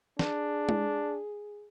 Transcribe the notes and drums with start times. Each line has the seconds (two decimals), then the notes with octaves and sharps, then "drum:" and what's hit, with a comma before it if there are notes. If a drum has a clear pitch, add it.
0.19 D4 G#4, drum: snare
0.69 drum: tom G#3